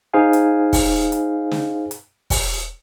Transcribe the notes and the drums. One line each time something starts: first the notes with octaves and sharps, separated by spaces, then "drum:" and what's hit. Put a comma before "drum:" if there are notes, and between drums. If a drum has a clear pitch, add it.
D#4 G#4 C5 F5 G#5
drum: hi-hat
drum: kick, open hi-hat
drum: hi-hat
drum: snare
drum: hi-hat
drum: kick, open hi-hat